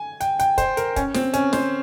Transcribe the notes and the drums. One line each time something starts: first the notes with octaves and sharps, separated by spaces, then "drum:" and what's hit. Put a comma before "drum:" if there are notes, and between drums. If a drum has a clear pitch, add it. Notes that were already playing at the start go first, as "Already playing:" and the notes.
Already playing: G#5
G5, drum: hi-hat
G5, drum: hi-hat
C5, drum: kick, hi-hat
A#4, drum: hi-hat
C#4, drum: kick, hi-hat
C4, drum: snare
C#4, drum: hi-hat
C5, drum: snare